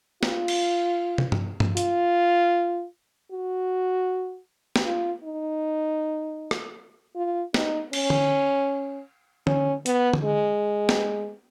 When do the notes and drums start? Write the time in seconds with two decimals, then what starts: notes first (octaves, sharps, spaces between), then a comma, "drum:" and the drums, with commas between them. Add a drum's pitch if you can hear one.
0.23 F4, drum: snare
0.48 drum: cymbal
1.18 drum: tom
1.32 drum: tom G2
1.60 drum: tom G2
1.77 F4, drum: hi-hat
3.32 F#4
4.76 drum: snare
4.85 F4
5.24 D#4
6.51 drum: rim click
7.16 F4
7.54 D#4, drum: snare
7.93 C#4, drum: cymbal
8.10 drum: tom D3
9.47 C#4, drum: tom D3
9.86 B3, drum: hi-hat
10.13 drum: tom D3
10.24 G#3
10.89 drum: snare